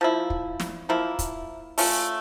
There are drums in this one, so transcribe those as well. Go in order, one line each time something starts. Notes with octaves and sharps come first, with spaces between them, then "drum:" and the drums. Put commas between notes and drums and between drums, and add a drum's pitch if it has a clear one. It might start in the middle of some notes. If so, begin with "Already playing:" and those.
F3 A#3 E4
drum: kick
drum: snare
F3 A#3 E4
drum: kick, hi-hat
A3 C#4 F4, drum: open hi-hat